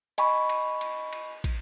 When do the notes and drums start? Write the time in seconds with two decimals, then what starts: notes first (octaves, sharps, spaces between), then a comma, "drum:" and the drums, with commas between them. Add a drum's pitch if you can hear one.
0.18 D#5 G#5 B5 C#6, drum: cymbal
0.49 drum: cymbal
0.81 drum: cymbal
1.13 drum: cymbal
1.44 drum: kick, cymbal